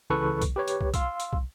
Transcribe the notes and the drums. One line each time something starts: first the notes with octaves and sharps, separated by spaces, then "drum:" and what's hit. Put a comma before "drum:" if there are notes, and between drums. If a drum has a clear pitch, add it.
C#2 C#3 E3 A4 B4 C#6
drum: kick, hi-hat
G4 B4 C#5
drum: hi-hat
drum: kick
F5 C6 E6, drum: kick, hi-hat
drum: hi-hat
drum: kick